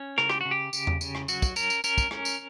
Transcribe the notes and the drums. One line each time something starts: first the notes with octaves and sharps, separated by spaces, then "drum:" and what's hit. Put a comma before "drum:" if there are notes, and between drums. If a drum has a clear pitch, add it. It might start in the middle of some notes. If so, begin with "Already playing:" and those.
Already playing: C#4
C#3 A#4, drum: rim click
G4, drum: rim click
C#3 F#4
G4
C#3, drum: tambourine
drum: tom E2
C#3, drum: tambourine
drum: rim click
F#3 F#4, drum: tambourine
drum: kick, tambourine
C#4 A#4, drum: tambourine
drum: tambourine
C#4 A#4, drum: tambourine
drum: kick, tambourine
C#4, drum: rim click
drum: tambourine